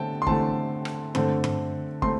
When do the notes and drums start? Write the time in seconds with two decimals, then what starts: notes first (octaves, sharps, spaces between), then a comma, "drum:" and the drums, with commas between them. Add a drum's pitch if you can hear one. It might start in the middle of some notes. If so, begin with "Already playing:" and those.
Already playing: D3 A3 C4 G5 A5
0.22 C6
0.27 D3 A3 C4 A5, drum: kick
0.85 drum: rim click
1.15 D3 A3 C4, drum: tom G2
1.44 drum: tom G2
2.02 A3 C4 C6, drum: kick